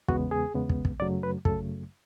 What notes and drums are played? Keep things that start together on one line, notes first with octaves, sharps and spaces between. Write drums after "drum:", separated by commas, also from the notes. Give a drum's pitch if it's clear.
E2 C#3 G#3 B3 F#4, drum: kick
G#4
E2 C#3 G#3 B3
drum: kick
drum: kick
F#2 C#3 F#3 A3 D5
B4
F#2 C#3 F#3 A3 A4, drum: kick